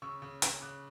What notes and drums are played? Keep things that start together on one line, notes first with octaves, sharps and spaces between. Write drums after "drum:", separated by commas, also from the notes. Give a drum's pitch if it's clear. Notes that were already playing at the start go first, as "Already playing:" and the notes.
C#3 C#6 E6
C#3
C#3, drum: hi-hat
C#3 D6 F#6